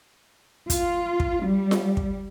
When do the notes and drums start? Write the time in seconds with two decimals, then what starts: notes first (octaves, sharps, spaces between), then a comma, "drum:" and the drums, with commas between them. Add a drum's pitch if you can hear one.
0.70 F4, drum: kick, hi-hat
1.20 drum: kick
1.45 G3
1.71 drum: snare F4
1.97 drum: kick